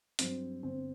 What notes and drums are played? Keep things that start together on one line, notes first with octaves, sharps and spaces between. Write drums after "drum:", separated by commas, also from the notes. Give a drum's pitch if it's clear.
G2 F#3 C4, drum: hi-hat
G1 C4